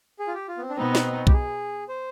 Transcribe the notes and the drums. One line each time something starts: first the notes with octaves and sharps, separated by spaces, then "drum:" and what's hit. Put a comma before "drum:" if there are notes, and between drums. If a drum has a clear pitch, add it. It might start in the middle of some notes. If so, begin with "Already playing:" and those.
G#4
F4
G4
F4
B3
C4
D4
B2 B3 C4 D#4
drum: snare
G4, drum: kick B1
G#4
C5